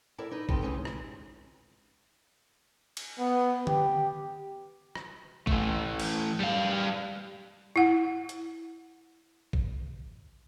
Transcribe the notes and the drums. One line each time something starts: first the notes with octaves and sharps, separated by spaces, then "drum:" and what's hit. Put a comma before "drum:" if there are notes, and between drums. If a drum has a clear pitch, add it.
E4 A4 A#4 D5
D#4 B4
B2 D#3 C4 G4 A4 B4, drum: kick A1
C#3 E3 F3 G#3 C#4 D#4
drum: rim click
drum: cymbal
B3
G4, drum: tom
drum: rim click
E3 A3, drum: kick A1
drum: cymbal
G3 F5
E4 F#5
drum: hi-hat
drum: kick A1